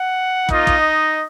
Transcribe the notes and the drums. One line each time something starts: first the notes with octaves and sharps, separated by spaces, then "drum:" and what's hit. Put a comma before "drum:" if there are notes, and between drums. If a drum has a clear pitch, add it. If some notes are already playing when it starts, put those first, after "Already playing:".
Already playing: F#5
A#3 D#4 F4 D#5, drum: kick
drum: kick